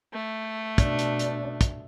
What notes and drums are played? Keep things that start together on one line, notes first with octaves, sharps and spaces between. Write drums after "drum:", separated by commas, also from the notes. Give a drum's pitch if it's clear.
A3
B2 D4, drum: kick, hi-hat
drum: hi-hat
drum: hi-hat
drum: kick, hi-hat